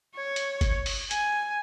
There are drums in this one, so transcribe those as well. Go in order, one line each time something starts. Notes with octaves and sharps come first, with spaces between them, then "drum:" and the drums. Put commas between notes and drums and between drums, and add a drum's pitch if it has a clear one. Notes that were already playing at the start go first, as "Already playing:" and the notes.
C#5
drum: hi-hat
drum: kick G1, hi-hat
drum: open hi-hat
G#5, drum: hi-hat